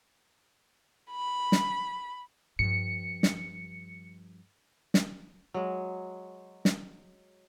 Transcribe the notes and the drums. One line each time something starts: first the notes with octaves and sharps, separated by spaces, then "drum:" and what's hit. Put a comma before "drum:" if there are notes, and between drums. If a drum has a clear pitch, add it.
B5
drum: snare
G2 F3 C#7
drum: snare
drum: snare
F#3 G#3
drum: snare